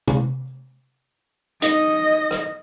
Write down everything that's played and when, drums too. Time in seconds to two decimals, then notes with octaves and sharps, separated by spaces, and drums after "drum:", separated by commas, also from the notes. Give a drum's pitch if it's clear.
0.08 drum: tom C3
1.62 D#4 D#5, drum: hi-hat
2.31 drum: rim click